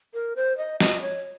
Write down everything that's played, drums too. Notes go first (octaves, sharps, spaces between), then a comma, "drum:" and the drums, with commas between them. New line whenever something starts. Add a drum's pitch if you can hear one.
A#4
C5
D#5
D#5, drum: snare
C#5